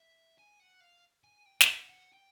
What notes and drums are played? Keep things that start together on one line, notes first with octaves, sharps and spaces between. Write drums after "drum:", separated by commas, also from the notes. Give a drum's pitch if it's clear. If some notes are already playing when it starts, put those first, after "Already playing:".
Already playing: E5
G#5
F#5
F5
G#5
G5
G5, drum: snare
F#5
F#5
G5